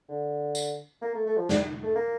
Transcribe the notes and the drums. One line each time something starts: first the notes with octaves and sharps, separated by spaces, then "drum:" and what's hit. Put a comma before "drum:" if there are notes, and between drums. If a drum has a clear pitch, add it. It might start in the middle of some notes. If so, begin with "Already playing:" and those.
D3
drum: tambourine
A#3
A3
A3
F3
G3, drum: snare
A3
A#3